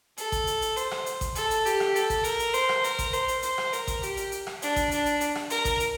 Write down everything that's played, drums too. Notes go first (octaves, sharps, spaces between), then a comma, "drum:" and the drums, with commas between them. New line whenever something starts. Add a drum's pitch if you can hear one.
A4, drum: hi-hat
drum: kick A1, hi-hat
drum: hi-hat
drum: hi-hat
C5, drum: hi-hat
drum: rim click
drum: hi-hat
drum: kick A1, hi-hat
A4, drum: hi-hat
drum: hi-hat
G4, drum: hi-hat
drum: rim click
A4, drum: hi-hat
drum: kick A1, hi-hat
A#4, drum: hi-hat
drum: hi-hat
C5, drum: hi-hat
drum: rim click
A#4, drum: hi-hat
drum: kick A1, hi-hat
C5, drum: hi-hat
drum: hi-hat
C5, drum: hi-hat
drum: rim click
A#4, drum: hi-hat
drum: kick A1, hi-hat
G4, drum: hi-hat
drum: hi-hat
drum: hi-hat
drum: rim click
D4, drum: hi-hat
drum: kick A1, hi-hat
D4, drum: hi-hat
drum: hi-hat
drum: hi-hat
drum: rim click
A#4, drum: hi-hat
drum: kick A1, hi-hat
drum: hi-hat